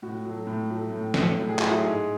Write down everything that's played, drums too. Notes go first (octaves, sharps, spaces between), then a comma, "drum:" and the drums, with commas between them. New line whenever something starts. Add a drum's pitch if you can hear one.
A2 F#4
F#3 A3
A2
F#3 A3
A2
F#3 A3, drum: snare
A2
G#4
F#3 A3 E4, drum: clap
F#4
G#2 G#4